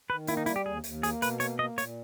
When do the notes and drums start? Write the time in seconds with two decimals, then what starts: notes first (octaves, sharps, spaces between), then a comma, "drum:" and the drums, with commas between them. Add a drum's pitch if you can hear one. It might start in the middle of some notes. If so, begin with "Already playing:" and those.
0.10 D#3 B4
0.27 A#3 E4, drum: hi-hat
0.37 D#4
0.46 G3 E4, drum: hi-hat
0.56 G4
0.66 D#2 G#4
0.84 D#2, drum: hi-hat
1.03 A#3 G#4, drum: hi-hat
1.22 B2 B4, drum: hi-hat
1.40 A#3 C#5, drum: hi-hat
1.59 A#3 D#5
1.78 A#2 C#5, drum: hi-hat